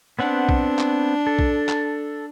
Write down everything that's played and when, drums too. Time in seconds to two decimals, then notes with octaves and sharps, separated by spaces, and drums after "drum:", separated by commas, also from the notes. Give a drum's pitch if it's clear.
0.19 B3 C4 D4 F#5
0.49 drum: kick B1
0.79 drum: clap
1.27 A4
1.39 drum: kick B1
1.69 drum: clap